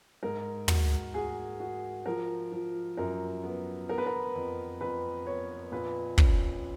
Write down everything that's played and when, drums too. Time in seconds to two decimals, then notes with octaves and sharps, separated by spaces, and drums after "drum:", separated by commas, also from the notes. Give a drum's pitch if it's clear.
0.23 G#2 A#4
0.68 F#4, drum: tom
1.14 F#4 G#4
1.60 F#4
2.06 F3 A#4
2.52 F3
2.97 F#2 A#4
3.44 B3
3.89 B3 A#4
3.98 B4
4.06 A#4
4.35 F2
4.81 F2 B4
5.26 B3 C#5
5.72 A#2 B4
6.18 C#4, drum: kick